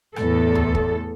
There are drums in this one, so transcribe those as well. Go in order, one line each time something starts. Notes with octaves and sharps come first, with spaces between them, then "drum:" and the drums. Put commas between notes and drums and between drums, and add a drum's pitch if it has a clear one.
E2 A2 A4, drum: rim click
drum: tom D2
drum: kick